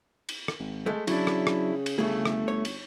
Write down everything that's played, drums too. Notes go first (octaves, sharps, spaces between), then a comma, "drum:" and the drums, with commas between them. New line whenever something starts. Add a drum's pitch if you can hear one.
drum: cymbal
drum: rim click
G#1
G#3 A3
C#3 F#3 D4 E4, drum: cymbal
drum: rim click
drum: rim click
drum: cymbal
G1 C#3 A3 G#4
drum: rim click
C#5
drum: cymbal